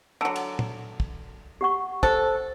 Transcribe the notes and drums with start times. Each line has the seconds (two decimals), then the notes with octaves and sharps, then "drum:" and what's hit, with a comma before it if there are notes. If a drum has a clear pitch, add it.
0.21 D3 F#3 G#5 A5 E6
0.36 drum: cymbal
0.59 drum: tom
1.00 drum: kick
1.61 G4 F#5 C#6
2.03 A4 C5, drum: kick